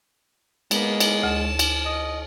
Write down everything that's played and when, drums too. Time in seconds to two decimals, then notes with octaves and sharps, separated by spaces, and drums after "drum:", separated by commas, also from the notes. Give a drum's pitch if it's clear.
0.71 G#3 A#3 B3, drum: cymbal
1.00 drum: cymbal
1.23 D2 A5
1.59 drum: cymbal
1.85 D#5